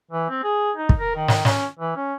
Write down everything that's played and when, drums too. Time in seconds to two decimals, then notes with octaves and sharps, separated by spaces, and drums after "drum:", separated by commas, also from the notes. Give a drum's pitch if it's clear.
0.11 E3
0.29 C4
0.43 G#4
0.76 D#4
0.89 drum: kick
0.98 A#4
1.15 D#3
1.28 drum: snare
1.45 C#4, drum: snare
1.79 E3
1.96 C#4